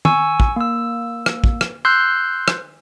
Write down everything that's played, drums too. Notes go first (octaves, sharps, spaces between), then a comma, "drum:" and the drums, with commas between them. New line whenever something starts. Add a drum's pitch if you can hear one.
G#5 C#6 E6, drum: tom
drum: kick
A#3 E6
drum: rim click
drum: kick
drum: rim click
C6 E6 F#6 G6 C7
drum: rim click